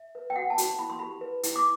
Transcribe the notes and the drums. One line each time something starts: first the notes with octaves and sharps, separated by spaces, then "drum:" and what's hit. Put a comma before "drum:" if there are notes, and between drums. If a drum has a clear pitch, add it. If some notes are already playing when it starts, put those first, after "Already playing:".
Already playing: E5
B4
G5
F#4 F#5
A5
F#4, drum: hi-hat
E4 B5
C6
G4 B5
B4
E4, drum: hi-hat
D6